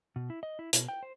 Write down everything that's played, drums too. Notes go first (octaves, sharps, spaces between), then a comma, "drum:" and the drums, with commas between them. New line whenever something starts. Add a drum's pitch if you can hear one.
B2
E4
D#5
E4
B2, drum: hi-hat
G5
C5